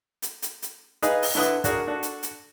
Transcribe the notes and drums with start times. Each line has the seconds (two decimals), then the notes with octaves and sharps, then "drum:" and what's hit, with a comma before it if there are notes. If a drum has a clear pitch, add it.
0.22 drum: hi-hat
0.42 drum: hi-hat
0.62 drum: hi-hat
1.02 D#4 G#4 B4 D#5 F5 G#5, drum: hi-hat
1.22 drum: open hi-hat
1.35 D3 E4 B4 F#5 D#6
1.64 D4 F#4 G#4 A#4, drum: kick, hi-hat
1.87 D4 F#4 A4
2.03 drum: hi-hat
2.23 drum: hi-hat